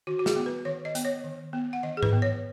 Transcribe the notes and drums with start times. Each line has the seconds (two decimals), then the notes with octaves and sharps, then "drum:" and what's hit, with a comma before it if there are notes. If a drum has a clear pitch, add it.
0.07 D#3 F#4
0.19 F#4
0.26 G#4, drum: snare
0.36 B3
0.46 B4
0.65 D#3 C#5
0.85 D#5
0.95 B3, drum: hi-hat
1.05 C#5
1.24 D#3
1.53 B3
1.73 F#5
1.83 D#3 D#5
1.97 G#4
2.03 B4, drum: tom G#2
2.13 B3
2.22 C#5